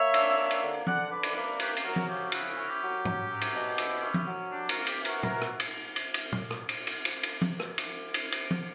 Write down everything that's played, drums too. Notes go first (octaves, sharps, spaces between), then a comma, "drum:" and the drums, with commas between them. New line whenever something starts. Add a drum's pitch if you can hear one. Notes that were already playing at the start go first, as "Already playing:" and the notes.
Already playing: A#3 C#5 E5
D4, drum: cymbal
A#3
drum: cymbal
D3
D3 D5 F#5, drum: tom F3
D4 B4 D5
drum: cymbal
A#3 B4 D5
C#4 G4 B4, drum: cymbal
G4, drum: cymbal
F#3 F#4 A#4
drum: tom F3
C#3 G4
E4 F#4, drum: cymbal
C#4
G4
F#3
C#4, drum: tom
F#3
drum: cymbal
B2
E4, drum: cymbal
C#4
drum: tom F3
F#3
D4 G4
F#4 A#4, drum: cymbal
A#3
G4, drum: cymbal
E3
F#4 A#4, drum: cymbal
E3 F#4 A#4, drum: tom
drum: rim click
drum: cymbal
drum: cymbal
drum: cymbal
drum: tom
drum: rim click
drum: cymbal
drum: cymbal
drum: cymbal
drum: cymbal
drum: tom F3
drum: rim click
drum: cymbal
drum: cymbal
drum: cymbal
drum: tom F3